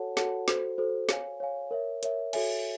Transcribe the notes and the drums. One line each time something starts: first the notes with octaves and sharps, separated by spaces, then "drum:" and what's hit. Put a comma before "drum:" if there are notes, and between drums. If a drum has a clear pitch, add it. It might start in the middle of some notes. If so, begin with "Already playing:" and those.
Already playing: F#4 A4 C#5 F#5 A5
F#4 A4 C#5 F#5 A5, drum: snare
F#4 A4 C5, drum: snare
F#4 A4 C5
C#5 F5 G#5, drum: snare
C#5 F5 G#5
A#4 C#5 E5
A#4 C#5 E5, drum: hi-hat
F#4 A4 C#5 E5 G#5, drum: cymbal